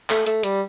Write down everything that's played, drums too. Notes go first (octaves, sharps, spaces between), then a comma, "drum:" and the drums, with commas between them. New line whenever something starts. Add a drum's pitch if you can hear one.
A3, drum: clap
A3, drum: hi-hat
G3, drum: hi-hat